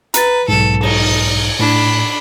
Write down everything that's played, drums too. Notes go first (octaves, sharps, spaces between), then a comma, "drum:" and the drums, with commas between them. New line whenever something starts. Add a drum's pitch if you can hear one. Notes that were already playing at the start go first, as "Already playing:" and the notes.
B4 A#5 A6, drum: hi-hat
B1 G#2 A4
D#4, drum: cymbal
A2 D4 B5